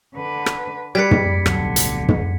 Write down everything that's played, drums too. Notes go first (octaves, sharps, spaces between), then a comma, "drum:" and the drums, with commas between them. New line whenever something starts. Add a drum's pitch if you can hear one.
D3 B4
drum: rim click
G3 B4 D5 G#6 B6 C#7
drum: tom
D1 B1 D3 F#3, drum: rim click
drum: hi-hat
drum: tom